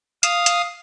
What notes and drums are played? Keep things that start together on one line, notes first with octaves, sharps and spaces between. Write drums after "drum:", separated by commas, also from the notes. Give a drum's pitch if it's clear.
F5 D#6, drum: hi-hat
drum: hi-hat